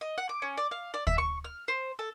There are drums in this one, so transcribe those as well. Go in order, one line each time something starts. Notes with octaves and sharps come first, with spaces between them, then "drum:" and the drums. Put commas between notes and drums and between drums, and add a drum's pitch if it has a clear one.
D#5
F#5
D6
C#4
D5
F5
D5
E5, drum: kick
C#6
F6
C5
A4